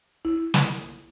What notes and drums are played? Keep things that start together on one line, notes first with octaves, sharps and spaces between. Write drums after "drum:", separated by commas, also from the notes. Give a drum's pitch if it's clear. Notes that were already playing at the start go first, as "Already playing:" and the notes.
E4
drum: snare